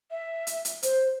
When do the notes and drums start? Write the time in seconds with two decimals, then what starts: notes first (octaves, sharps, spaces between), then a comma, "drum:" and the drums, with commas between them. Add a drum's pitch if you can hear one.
0.10 E5
0.47 drum: hi-hat
0.65 drum: hi-hat
0.83 C5, drum: hi-hat